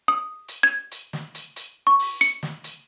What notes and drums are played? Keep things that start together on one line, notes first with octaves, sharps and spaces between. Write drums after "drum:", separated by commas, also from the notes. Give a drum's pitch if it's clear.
D#6
drum: hi-hat
G#6
drum: hi-hat
drum: snare
drum: hi-hat
drum: hi-hat
C#6
drum: open hi-hat
C#7, drum: hi-hat
drum: snare
drum: hi-hat